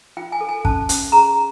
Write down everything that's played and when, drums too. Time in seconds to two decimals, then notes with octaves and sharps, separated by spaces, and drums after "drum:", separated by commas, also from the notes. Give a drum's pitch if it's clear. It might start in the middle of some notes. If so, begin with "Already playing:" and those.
0.17 F4 G5
0.32 G#5
0.41 A4
0.49 G#5
0.65 C#4 A5, drum: kick
0.89 C#4, drum: hi-hat
1.12 G#4 A#5